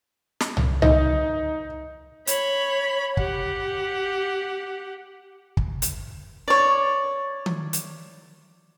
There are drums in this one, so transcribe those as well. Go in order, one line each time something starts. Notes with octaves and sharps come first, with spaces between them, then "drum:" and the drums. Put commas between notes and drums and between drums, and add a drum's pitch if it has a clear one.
drum: snare
drum: tom C2
D#4, drum: tom C2
C#5 B5, drum: hi-hat
G4 F#5, drum: kick
drum: kick
drum: hi-hat
C#5 D5
drum: tom D#3
drum: hi-hat